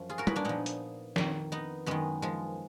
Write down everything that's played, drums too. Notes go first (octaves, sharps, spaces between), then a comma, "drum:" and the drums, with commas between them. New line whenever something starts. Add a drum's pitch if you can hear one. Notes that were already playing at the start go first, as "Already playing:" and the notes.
Already playing: F#2 F3
F4 G#4
F#4 A#4
G#4 B4, drum: tom G3
A#3 D4
A#2 F3 B3 D#4
drum: hi-hat
F2 D#3, drum: snare
B3 D#4
F#2 D#3 G#3 B3
F3 G#3